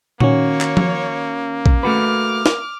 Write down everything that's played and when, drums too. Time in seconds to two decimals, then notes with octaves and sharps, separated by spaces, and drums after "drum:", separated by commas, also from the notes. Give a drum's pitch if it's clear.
0.20 D#3 A#3 C#4 F#4 C#5, drum: tom A#2
0.61 drum: clap
0.77 drum: tom F3
1.66 drum: kick
1.83 A3 F#4 B4 D6 F6
2.46 drum: snare